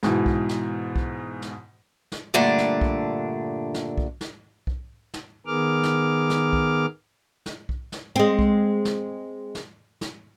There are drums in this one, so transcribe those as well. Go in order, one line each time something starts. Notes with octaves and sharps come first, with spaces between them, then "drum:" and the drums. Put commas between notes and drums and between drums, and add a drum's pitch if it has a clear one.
G#2 B2 E3, drum: snare
drum: kick B1
drum: snare
drum: kick B1
drum: snare
drum: snare
G2 A#2 D3 A3 D4
drum: snare
drum: kick B1
drum: snare
drum: kick B1
drum: snare
drum: kick B1
drum: snare
D#3 B3 G#4 A#4 D6 F6
drum: snare
drum: snare
drum: kick B1
drum: snare
drum: kick B1
drum: snare
G#3 C4
drum: kick B1
drum: snare
drum: snare
drum: snare